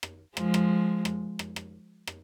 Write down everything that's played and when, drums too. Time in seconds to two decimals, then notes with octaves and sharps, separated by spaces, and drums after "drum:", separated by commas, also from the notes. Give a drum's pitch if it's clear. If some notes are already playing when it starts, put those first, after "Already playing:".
0.03 drum: rim click
0.37 F3 G#3, drum: rim click
0.54 drum: rim click
1.05 drum: rim click
1.39 drum: rim click
1.56 drum: rim click
2.07 drum: rim click